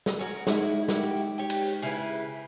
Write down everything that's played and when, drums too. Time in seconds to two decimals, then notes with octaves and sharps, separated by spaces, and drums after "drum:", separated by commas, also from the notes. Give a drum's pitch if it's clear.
0.06 drum: snare
0.19 C#4 F#4 A#4
0.47 G#3 D#4 E4 F#4, drum: snare
0.88 E4 F#4 G4, drum: snare
1.38 G4 C#5
1.50 drum: cymbal
1.82 C#3 E4 B4